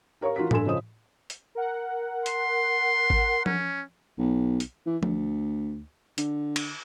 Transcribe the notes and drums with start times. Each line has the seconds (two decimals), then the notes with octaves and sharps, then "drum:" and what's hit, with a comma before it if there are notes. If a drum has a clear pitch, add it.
0.21 G4 A#4 C#5 F5 C#6
0.36 E3 F4 F#4 A#4 B6
0.51 G2 A4 G#5 C6 E7, drum: tom A2
0.66 C#3 F3 C#4 C5 D#5 D#6
1.30 drum: hi-hat
1.55 A#4 F#5
2.26 C6, drum: hi-hat
3.10 drum: kick G#1
3.46 C#4, drum: tom F3
4.18 B1
4.60 drum: hi-hat
4.86 E3
5.03 D2, drum: tom F3
6.18 D3, drum: hi-hat
6.56 drum: cymbal